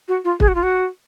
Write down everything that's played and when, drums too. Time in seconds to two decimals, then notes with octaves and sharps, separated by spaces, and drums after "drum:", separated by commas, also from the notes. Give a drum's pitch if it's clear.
0.08 F#4
0.25 F4
0.40 G#4, drum: kick
0.48 F#4
0.55 F4
0.63 F#4